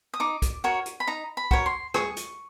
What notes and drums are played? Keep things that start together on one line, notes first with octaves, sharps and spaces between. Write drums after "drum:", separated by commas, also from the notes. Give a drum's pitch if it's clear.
D#6
D#4 D6
drum: kick, hi-hat
F#4 A#4 C#5
drum: hi-hat
B5
D#4 A#5
B5
F#4 A#4 C#5, drum: kick
C6
G#4 C#6, drum: rim click
drum: hi-hat